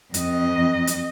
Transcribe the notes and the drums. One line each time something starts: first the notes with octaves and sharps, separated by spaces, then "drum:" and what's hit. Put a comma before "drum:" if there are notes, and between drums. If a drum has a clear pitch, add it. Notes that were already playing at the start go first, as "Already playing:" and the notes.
F2 D#5, drum: hi-hat
drum: hi-hat